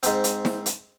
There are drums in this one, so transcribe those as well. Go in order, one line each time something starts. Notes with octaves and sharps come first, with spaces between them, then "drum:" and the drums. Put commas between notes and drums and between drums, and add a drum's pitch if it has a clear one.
G#2 C4, drum: hi-hat
drum: hi-hat
drum: snare
drum: hi-hat